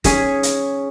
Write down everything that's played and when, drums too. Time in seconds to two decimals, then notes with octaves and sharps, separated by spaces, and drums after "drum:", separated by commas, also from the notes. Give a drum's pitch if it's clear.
0.04 C#4 G#4 B6, drum: kick D#1, hi-hat
0.43 drum: hi-hat